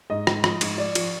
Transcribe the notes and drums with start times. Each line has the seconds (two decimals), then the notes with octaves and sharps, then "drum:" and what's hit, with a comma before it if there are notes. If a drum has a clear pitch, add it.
0.10 G#2 D#5
0.27 G#2, drum: rim click
0.44 F3, drum: rim click
0.61 G#2, drum: cymbal
0.77 F3 D5
0.95 F3, drum: cymbal